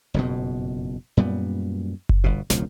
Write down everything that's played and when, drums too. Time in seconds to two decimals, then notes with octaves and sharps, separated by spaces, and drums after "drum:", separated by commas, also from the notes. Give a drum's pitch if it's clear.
0.14 F#1 F2 G#2 B2
1.17 F#2 A#2 G3 B3
2.09 drum: kick F#1
2.24 G1 B2
2.50 E1 C#2 C#3 F3, drum: snare